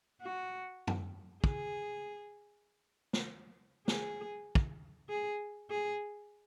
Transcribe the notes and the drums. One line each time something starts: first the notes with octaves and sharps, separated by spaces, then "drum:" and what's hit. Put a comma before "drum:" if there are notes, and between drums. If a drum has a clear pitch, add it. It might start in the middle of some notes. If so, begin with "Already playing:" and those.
F#4
drum: tom F#2
G#4, drum: kick
drum: snare
G#4, drum: snare
drum: kick
G#4
G#4